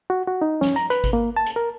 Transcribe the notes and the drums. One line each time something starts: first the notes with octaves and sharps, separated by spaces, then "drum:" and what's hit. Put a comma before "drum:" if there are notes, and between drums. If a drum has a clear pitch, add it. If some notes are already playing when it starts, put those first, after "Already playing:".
F#4
F#4
D#4
C#4, drum: snare
A#5, drum: hi-hat
B4, drum: hi-hat
drum: kick G#1, hi-hat
A#3
A5
drum: hi-hat
A#4